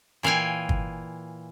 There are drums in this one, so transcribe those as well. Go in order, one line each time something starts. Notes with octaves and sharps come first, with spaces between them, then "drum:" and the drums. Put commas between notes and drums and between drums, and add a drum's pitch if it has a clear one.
A#2 E3 F5 G5 G#5
drum: kick